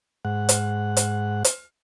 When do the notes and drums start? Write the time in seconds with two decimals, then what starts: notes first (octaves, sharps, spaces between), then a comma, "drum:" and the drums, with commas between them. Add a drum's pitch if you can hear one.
0.25 G#2 F#5
0.49 drum: hi-hat
0.97 drum: hi-hat
1.44 drum: hi-hat